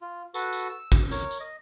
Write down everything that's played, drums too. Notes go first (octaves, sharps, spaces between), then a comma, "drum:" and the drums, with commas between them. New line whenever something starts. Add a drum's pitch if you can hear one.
F4
F#4 A4 B4, drum: tambourine
drum: tambourine
E6
drum: kick G#1, tambourine
A#4 C#5, drum: tambourine
drum: tambourine
D#5